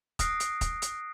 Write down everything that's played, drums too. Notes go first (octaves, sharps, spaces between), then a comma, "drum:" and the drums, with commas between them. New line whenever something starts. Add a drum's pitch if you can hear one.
D#6 F6 F#6 A#6 C7 D7, drum: kick, hi-hat
drum: hi-hat
drum: kick, hi-hat
drum: hi-hat